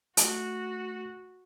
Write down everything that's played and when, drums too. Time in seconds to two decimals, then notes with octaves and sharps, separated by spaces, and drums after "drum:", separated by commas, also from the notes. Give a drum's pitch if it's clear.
0.17 A3 F#4, drum: hi-hat